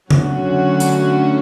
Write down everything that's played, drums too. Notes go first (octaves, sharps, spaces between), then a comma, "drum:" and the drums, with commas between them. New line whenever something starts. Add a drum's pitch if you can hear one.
D3 F#3 A3 C#4 F#4, drum: tom C#3
drum: hi-hat